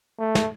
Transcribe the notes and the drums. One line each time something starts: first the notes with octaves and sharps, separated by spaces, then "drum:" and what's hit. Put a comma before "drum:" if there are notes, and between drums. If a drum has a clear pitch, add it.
A3
drum: snare